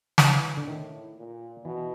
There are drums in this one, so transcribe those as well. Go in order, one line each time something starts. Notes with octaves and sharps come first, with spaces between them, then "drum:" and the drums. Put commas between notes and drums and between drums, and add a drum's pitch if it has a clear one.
E3, drum: snare
D3
A2 D#3
A#2
B2 E3